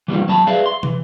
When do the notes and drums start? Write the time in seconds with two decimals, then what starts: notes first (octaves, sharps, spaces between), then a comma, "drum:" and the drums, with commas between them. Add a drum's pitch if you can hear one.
0.08 E3 G3 A#3 F4
0.29 F#3 A5 B5
0.47 G#4 B4 D5 E5 F5
0.66 C6
0.83 E3, drum: tom